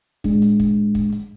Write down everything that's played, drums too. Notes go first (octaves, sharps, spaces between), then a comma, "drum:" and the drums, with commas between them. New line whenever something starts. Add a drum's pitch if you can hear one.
A2 G#3 D4, drum: kick, hi-hat
drum: hi-hat
drum: kick, hi-hat
drum: kick, hi-hat
drum: hi-hat